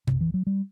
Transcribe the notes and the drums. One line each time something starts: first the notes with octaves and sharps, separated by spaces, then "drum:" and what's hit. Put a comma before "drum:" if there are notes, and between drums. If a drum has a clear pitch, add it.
C3, drum: tom F2
E3
F#3
G3